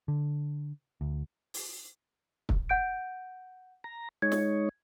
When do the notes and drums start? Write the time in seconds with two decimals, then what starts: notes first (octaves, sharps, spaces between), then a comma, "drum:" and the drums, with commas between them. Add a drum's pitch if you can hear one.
0.08 D3
1.01 D2
1.54 drum: open hi-hat
2.49 drum: kick
2.69 F#5 G6 D7
3.84 A#5
4.22 G#3 D#4 C#5 G#6
4.32 drum: snare